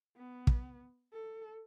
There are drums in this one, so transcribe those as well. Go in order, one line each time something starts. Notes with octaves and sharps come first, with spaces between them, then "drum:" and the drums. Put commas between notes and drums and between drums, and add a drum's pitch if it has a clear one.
B3
drum: kick
A4